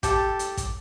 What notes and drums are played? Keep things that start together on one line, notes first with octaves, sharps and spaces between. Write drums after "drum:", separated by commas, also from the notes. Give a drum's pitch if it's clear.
G4 A4 A5, drum: kick, hi-hat
drum: hi-hat
drum: kick, hi-hat